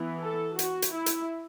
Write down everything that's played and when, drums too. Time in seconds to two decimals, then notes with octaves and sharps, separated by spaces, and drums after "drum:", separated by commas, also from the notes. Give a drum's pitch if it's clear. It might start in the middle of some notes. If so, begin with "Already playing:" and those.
Already playing: E3 B3
0.22 A4
0.59 F#4, drum: hi-hat
0.82 drum: hi-hat
0.94 E4
1.06 drum: hi-hat